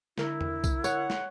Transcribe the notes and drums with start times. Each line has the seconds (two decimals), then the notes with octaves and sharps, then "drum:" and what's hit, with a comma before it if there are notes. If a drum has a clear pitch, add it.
0.18 D3 E4 A#4, drum: snare
0.41 drum: tom E2
0.64 drum: kick, tambourine
0.84 C#5 F#5, drum: tambourine
1.10 drum: snare